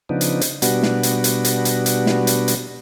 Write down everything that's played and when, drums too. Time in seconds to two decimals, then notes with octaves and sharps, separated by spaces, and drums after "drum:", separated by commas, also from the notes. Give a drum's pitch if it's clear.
0.09 C#3 F3 B3 D4 D#4
0.21 drum: hi-hat
0.41 drum: hi-hat
0.62 B2 G3 B3 D4 F#4, drum: hi-hat
0.83 drum: snare
1.03 drum: hi-hat
1.24 drum: hi-hat
1.45 drum: hi-hat
1.65 drum: hi-hat
1.86 drum: hi-hat
2.06 drum: snare
2.27 drum: hi-hat
2.48 drum: hi-hat